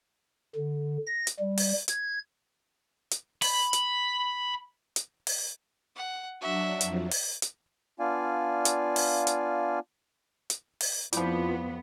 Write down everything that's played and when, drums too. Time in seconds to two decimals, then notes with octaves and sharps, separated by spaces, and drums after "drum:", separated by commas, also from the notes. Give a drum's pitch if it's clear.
0.56 D3
1.07 A#6
1.27 drum: hi-hat
1.40 G3
1.58 drum: open hi-hat
1.88 G#6, drum: hi-hat
3.11 drum: hi-hat
3.42 B5, drum: open hi-hat
3.73 drum: hi-hat
4.96 drum: hi-hat
5.27 drum: open hi-hat
5.96 F#5
6.41 F#3 D4 F#4 E5
6.81 F2 F3 F#3, drum: hi-hat
7.11 drum: open hi-hat
7.42 drum: hi-hat
8.00 B3 D4 F4 D5 F5 G#5
8.65 drum: hi-hat
8.96 drum: open hi-hat
9.27 drum: hi-hat
10.50 drum: hi-hat
10.81 drum: open hi-hat
11.13 F2 F3 G3 B3 E4 F4 B5, drum: hi-hat